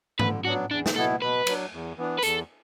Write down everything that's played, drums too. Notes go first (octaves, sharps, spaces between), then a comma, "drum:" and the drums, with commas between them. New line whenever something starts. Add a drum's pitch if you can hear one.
D3 B4, drum: tom
F#3 B3 D4 F#4
E2 D4
drum: snare
B2 B3 E4 A4
B2 B4
F#3 D4, drum: cymbal
E2
E3 B3 D4
B4
E2 A4, drum: hi-hat